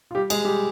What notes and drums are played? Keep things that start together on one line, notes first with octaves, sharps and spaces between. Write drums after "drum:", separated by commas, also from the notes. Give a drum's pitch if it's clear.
F4
G3 G4
G#3 G#4, drum: cymbal
G3 G4